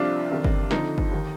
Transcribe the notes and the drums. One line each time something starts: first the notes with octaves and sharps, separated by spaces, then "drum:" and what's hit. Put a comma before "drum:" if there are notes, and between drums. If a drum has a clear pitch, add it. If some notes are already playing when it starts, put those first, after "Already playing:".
Already playing: C2 C3 F3 D4 F4
F2 C3 D#3
drum: kick G1
F2 D3 F3 D#4, drum: snare
drum: kick G1
D#2 D#3